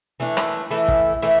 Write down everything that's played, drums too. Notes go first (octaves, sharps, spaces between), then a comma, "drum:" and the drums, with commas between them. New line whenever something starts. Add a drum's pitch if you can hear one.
E3 A3 D4
drum: rim click
E3 A3 E4 A4
drum: kick
E3 A3 E4 A4